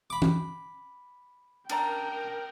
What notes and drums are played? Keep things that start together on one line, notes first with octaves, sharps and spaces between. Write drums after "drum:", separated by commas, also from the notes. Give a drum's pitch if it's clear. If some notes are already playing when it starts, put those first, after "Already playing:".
B5 D6
drum: tom E3
D4 A#4 D5 G5 A#5, drum: cymbal